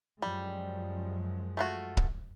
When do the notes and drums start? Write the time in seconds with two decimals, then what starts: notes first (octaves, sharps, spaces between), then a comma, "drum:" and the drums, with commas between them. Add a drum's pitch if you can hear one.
0.22 F#2 F3 G3 G#3
1.57 A3 F4 F#4
1.97 drum: kick C#1